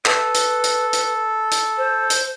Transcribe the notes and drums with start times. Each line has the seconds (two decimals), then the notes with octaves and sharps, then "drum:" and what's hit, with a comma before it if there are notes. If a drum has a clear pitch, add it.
0.05 A4 B4, drum: clap
0.35 drum: hi-hat
0.64 drum: hi-hat
0.93 drum: hi-hat
1.52 drum: hi-hat
1.77 C5
2.10 drum: hi-hat